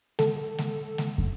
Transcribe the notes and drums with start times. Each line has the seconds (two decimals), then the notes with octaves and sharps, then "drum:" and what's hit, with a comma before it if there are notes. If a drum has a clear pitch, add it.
0.19 A4, drum: snare G#3
0.59 drum: snare G#3
0.98 drum: snare G#3
1.18 drum: kick